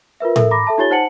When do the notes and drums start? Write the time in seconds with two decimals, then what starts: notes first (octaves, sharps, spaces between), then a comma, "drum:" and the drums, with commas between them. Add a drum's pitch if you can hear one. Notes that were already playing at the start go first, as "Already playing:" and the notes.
0.20 F4 A#4 B4 E5
0.36 A4 A#4 E5, drum: tom A2
0.51 A#5 B5 D6 A#6
0.67 A4 E5 A5
0.78 D#4 F4 G4 C#5 A6 G7
0.90 D#4 C5 F#5 A5 C#7 F#7